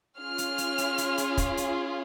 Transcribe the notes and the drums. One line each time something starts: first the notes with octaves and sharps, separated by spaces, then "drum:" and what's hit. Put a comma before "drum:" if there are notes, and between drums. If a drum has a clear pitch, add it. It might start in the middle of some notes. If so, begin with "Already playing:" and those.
C#4 F4 G#4 F6
drum: hi-hat
drum: hi-hat
drum: hi-hat
drum: hi-hat
drum: hi-hat
drum: kick, hi-hat
drum: hi-hat